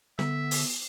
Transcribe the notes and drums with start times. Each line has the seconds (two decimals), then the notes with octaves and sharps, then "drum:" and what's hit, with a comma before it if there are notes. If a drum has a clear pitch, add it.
0.19 D3 B3 E5, drum: snare
0.51 drum: open hi-hat